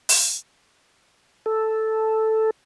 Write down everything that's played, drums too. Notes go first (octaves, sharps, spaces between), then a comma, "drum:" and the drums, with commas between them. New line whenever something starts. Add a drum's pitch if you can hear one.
drum: open hi-hat
A4